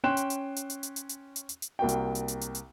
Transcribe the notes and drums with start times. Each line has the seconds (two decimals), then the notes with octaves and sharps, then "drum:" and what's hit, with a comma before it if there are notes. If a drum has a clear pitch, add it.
0.04 C#4 G5 C6 F#6 E7
0.17 drum: hi-hat
0.30 drum: hi-hat
0.56 drum: hi-hat
0.70 drum: hi-hat
0.83 drum: hi-hat
0.96 drum: hi-hat
1.09 drum: hi-hat
1.36 drum: hi-hat
1.49 drum: hi-hat
1.62 drum: hi-hat
1.79 C2 A#3 F#4 G5
1.89 drum: hi-hat
2.15 drum: hi-hat
2.28 drum: hi-hat
2.41 drum: hi-hat
2.55 drum: hi-hat